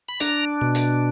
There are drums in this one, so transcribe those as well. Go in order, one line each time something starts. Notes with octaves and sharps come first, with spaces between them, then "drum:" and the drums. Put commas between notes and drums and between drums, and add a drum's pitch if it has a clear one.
B5
D4 A#5, drum: hi-hat
B2
drum: hi-hat